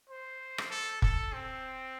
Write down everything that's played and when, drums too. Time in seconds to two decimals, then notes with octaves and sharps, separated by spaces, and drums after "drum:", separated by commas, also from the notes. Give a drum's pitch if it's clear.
0.09 C5
0.58 drum: rim click
0.70 A4
1.02 A4, drum: kick
1.33 C4